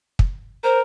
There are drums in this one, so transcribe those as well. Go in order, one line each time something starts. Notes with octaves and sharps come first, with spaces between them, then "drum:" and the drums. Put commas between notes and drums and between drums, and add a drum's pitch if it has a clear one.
drum: kick
A#4 C5